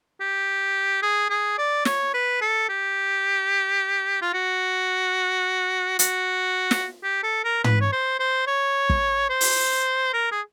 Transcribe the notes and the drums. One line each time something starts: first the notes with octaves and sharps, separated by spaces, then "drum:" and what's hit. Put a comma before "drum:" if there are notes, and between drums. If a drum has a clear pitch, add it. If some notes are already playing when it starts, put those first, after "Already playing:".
G4
G#4
G#4
D5
C#5, drum: snare
B4
A4
G4
F4
F#4
F#4, drum: hi-hat
drum: snare
G4
A4
A#4
B4, drum: tom
C#5
C5
C5
C#5
drum: kick
C5
drum: open hi-hat
A#4
G#4